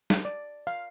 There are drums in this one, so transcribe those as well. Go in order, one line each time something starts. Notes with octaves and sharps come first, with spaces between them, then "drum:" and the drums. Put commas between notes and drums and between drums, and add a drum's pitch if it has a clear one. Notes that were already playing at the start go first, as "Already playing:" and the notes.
drum: snare
D5
F5